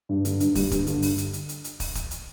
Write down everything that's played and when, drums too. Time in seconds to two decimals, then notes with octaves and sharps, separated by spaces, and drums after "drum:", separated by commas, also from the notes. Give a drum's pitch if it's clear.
0.09 G2
0.25 D3, drum: hi-hat
0.40 G2, drum: hi-hat
0.55 G3, drum: kick, open hi-hat
0.71 G2, drum: kick, hi-hat
0.87 D3, drum: hi-hat
1.02 drum: open hi-hat
1.18 drum: hi-hat
1.33 drum: hi-hat
1.49 drum: hi-hat
1.64 drum: hi-hat
1.80 drum: kick, open hi-hat
1.95 drum: kick, hi-hat
2.11 drum: hi-hat